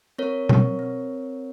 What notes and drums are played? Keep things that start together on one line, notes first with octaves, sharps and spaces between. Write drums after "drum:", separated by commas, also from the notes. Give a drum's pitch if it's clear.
C4 A#4 C#5
C4, drum: tom B2
C4